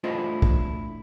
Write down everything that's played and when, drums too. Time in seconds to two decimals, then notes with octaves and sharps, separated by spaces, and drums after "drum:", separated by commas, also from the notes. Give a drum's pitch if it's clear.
0.04 A3 D4 E4 F4 C5 D#5
0.42 drum: kick